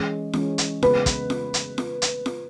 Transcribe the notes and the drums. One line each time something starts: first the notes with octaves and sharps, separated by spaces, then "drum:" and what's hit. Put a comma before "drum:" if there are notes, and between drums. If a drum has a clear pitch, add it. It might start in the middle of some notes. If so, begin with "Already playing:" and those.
Already playing: E3 G#3 C#4
E3 G#3 C#4, drum: snare F4
drum: hi-hat
C#3 G#3 B3 B4, drum: snare F4
drum: kick, hi-hat
drum: snare F4
drum: hi-hat
drum: snare F4
drum: hi-hat
drum: snare F4